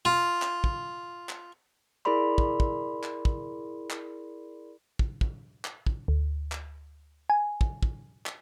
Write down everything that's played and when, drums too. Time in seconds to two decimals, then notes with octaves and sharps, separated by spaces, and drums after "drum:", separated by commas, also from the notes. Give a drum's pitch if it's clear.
0.05 F4
0.42 drum: clap
0.64 drum: kick
1.29 drum: clap
2.05 E4 G#4 A#4 D5 B5 C6
2.38 drum: kick
2.60 drum: kick
3.03 drum: clap
3.25 drum: kick
3.90 drum: clap
4.99 drum: kick
5.21 drum: kick
5.65 drum: clap
5.87 drum: kick
6.08 D2
6.52 drum: clap
7.30 G#5
7.61 drum: kick
7.83 drum: kick
8.26 drum: clap